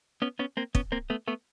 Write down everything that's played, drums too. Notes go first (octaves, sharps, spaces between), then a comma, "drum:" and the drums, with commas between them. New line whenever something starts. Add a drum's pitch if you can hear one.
B3 C#4
B3 C#4
A#3 C4
B3 C#4, drum: kick
A#3 C4
A3 B3
A3 B3